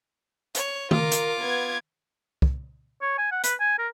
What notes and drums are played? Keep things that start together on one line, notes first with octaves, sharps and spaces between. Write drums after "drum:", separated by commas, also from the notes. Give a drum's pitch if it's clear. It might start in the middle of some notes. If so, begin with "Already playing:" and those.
C#5, drum: hi-hat
F4 A#4 D6, drum: tom D#3
drum: hi-hat
B3 G#6
drum: kick
C#5
G#5
F#5
B4, drum: hi-hat
G#5
A#4